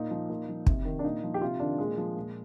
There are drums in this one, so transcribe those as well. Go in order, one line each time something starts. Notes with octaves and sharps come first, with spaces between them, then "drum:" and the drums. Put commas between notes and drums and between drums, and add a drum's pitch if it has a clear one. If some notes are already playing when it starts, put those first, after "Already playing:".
Already playing: A#2 D#4
F3
A#2
F3
C3, drum: kick
D#3
D4
A#2 D#4
F3
G4
C3 F4
D#3 D4
A#2 G#3
F3
A#2